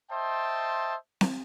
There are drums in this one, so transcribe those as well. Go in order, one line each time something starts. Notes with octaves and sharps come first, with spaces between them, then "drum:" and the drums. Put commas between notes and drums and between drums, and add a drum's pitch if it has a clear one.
C5 D#5 E5 G5 A5 C6
drum: snare C4